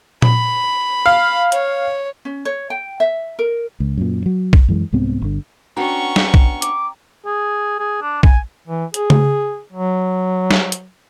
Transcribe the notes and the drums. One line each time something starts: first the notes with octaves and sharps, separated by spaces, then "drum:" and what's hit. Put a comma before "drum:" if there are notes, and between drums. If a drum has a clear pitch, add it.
B5, drum: tom A#2
F5
C#5, drum: hi-hat
C#4
C#5
G5
E5
A#4
C#2
F#2 A#2
F#3
drum: kick
F#2 E3 G#3
C2 G#2 B3 C4
G1 D3
B3 C#4 D4 F#4 G5 A#5 C#6
drum: snare
drum: kick
D6, drum: hi-hat
G#4
G#4
D4
G#5, drum: kick
E3
G#4, drum: hi-hat
drum: tom C#3
F#3
drum: snare
drum: hi-hat